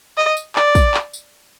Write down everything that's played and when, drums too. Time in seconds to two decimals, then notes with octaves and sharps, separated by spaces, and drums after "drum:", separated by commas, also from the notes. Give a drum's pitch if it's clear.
0.17 D#5
0.37 drum: tambourine
0.56 D5, drum: clap
0.75 drum: kick, tambourine
0.94 drum: clap
1.13 drum: tambourine